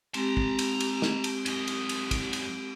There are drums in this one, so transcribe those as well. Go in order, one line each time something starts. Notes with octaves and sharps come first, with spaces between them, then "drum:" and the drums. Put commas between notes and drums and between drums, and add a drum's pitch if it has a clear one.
G#3 C4 G4 A5 A#5, drum: cymbal
drum: kick
drum: cymbal
drum: cymbal
drum: snare
drum: cymbal
F#2 D#5, drum: cymbal
drum: cymbal
drum: cymbal
drum: kick, cymbal
drum: cymbal